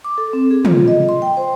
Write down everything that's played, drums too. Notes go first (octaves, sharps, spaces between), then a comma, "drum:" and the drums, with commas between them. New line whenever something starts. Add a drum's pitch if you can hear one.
D6
A4
C4
G#4
F4, drum: tom
D#5
C6
G5
C5